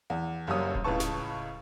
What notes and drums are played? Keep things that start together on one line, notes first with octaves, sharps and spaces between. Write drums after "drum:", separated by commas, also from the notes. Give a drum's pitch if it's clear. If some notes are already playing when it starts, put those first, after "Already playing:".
E2
F#1 F#2 G3 A#3 C#5 D#6
drum: kick D#1
C#2 A2 C#3 B4 A5 C#6
drum: snare